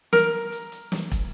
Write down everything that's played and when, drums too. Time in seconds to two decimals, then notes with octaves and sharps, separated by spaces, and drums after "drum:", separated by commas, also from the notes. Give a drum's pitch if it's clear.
0.13 A#4, drum: snare
0.52 drum: hi-hat
0.72 drum: hi-hat
0.92 drum: snare
1.12 drum: kick, hi-hat